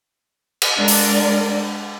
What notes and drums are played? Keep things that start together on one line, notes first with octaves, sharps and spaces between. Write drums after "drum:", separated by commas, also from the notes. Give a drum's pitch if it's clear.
drum: cymbal
G#3 D4 A#4 D5
drum: open hi-hat